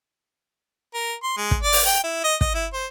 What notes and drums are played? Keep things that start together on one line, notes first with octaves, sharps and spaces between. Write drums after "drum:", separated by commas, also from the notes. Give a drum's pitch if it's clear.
A#4
C6
G#3
drum: kick
D5
drum: open hi-hat
G5
E4
D#5
D#5, drum: kick
E4
C5